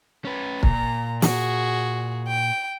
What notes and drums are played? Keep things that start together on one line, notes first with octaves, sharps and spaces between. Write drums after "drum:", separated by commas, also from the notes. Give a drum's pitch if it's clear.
C#4 B4
A#2 A#5, drum: kick
F#4 G#4, drum: snare
G5